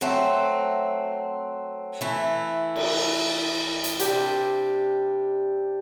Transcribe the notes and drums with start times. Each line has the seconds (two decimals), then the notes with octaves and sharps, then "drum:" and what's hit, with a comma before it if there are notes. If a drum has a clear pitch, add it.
0.01 F#3 A3 C4
2.01 E3 A3 E4
2.76 drum: cymbal
3.84 drum: hi-hat
4.00 C3 G3 D4 G4, drum: hi-hat